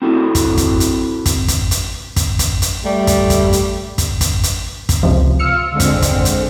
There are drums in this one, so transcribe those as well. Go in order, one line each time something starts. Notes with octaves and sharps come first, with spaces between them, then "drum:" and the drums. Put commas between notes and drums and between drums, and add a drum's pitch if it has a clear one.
C4 E4 F#4 A4
drum: kick, hi-hat
drum: kick, hi-hat
drum: hi-hat
drum: kick, hi-hat
drum: kick, hi-hat
drum: hi-hat
drum: kick, hi-hat
drum: kick, hi-hat
drum: hi-hat
G3 A3
drum: kick, hi-hat
drum: kick, hi-hat
drum: hi-hat
drum: kick, hi-hat
drum: kick, hi-hat
drum: hi-hat
drum: kick, hi-hat
C#2 C3 F3
F4 E6 F6 C#7
D3 G#3 C4
drum: kick, hi-hat
drum: kick, hi-hat
drum: hi-hat